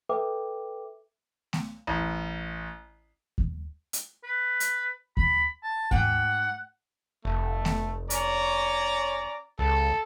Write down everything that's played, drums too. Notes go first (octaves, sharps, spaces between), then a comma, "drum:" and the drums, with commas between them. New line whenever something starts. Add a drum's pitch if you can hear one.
A4 B4 E5 G5 D6
drum: snare A3
A1
drum: kick D#2
drum: hi-hat
B4
drum: hi-hat
B5, drum: kick D#2
A5
G#2 F#5 G5, drum: kick D#2
F1 A3
drum: snare A3
C#4 C#5 D5 A#5, drum: hi-hat
C#2 A4